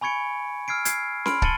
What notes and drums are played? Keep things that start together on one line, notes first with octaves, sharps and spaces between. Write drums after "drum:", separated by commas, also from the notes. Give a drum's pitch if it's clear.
G#5 B5 C#6 G#6 C#7 D7
E6 F6 G#6 C7 D7
G#6 C7, drum: hi-hat
B5 C6 F6 D7, drum: snare C#4
A5 A6 C#7 D#7 F#7 G7, drum: kick